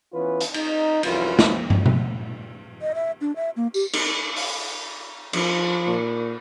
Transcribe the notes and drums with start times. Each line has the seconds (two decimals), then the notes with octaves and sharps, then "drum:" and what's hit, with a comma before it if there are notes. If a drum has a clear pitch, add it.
0.13 E3 B3 C#4 F4 B4
0.41 drum: hi-hat
0.54 D#4, drum: cymbal
1.03 C2 F#2 E3 F3 F4 B4, drum: cymbal
1.39 drum: snare
1.70 drum: tom
1.86 drum: tom B2
2.82 D#5
2.95 E5
3.21 D4
3.36 E5
3.56 A#3
3.74 G4, drum: tambourine
3.93 drum: cymbal
4.36 drum: open hi-hat
5.33 F3, drum: cymbal
5.87 A#2